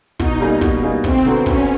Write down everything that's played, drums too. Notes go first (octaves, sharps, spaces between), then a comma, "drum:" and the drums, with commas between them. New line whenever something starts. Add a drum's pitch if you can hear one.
B2 D#4, drum: kick, hi-hat
G3 A#3 D#4 G#4, drum: hi-hat
B2, drum: kick, hi-hat
G3 A#3 D#4 G#4
D2 C4, drum: kick, hi-hat
D3 F#3 B3, drum: hi-hat
D2 C#4, drum: kick, hi-hat